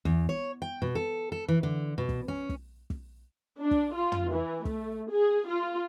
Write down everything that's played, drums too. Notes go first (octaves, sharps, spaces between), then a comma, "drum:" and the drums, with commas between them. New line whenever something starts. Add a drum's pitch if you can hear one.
E2, drum: kick
C#5
G5
B2
A4
A4
E3
D3
B2
drum: kick
C#4
drum: kick
drum: kick
D4
drum: kick
F4
drum: tom
E3
A3, drum: kick
G#4
F4